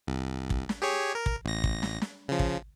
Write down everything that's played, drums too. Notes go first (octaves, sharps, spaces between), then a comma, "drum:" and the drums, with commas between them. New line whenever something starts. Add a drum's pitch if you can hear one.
C2
drum: kick
drum: snare
G4 G#4 C#5
A#4
drum: kick
A1 A#6
drum: kick
drum: snare
drum: snare
C#3 F3
drum: kick